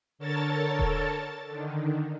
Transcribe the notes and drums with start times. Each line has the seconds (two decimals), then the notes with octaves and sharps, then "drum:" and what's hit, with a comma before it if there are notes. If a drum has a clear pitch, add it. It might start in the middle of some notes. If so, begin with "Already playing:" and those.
0.19 D3 A4 A#4 C#5 A5 A6
0.79 drum: kick D#1
1.46 D3 D#3